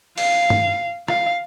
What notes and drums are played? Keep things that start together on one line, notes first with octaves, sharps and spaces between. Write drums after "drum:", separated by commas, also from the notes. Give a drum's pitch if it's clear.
F5, drum: open hi-hat
drum: tom
F5, drum: rim click